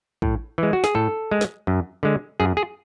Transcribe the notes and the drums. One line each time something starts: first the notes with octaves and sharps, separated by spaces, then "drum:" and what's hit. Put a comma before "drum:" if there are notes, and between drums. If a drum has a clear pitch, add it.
A2, drum: kick
E3 G#3
F#4
G#4, drum: snare
A2 A4
G#3
drum: snare
F#2
D3 G#3
F#2 G#4
G#4